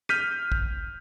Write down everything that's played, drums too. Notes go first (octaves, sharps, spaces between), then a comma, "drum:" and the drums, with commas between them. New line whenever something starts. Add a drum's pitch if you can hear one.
F6 G6 B6 D#7, drum: rim click
drum: kick